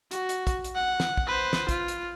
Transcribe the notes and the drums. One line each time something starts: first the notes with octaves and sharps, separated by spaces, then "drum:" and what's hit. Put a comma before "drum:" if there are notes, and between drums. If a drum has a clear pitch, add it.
F#4, drum: hi-hat
drum: hi-hat
drum: kick, hi-hat
drum: hi-hat
F#5
drum: snare
drum: kick
B4 C5
drum: snare
F4, drum: kick, hi-hat
drum: hi-hat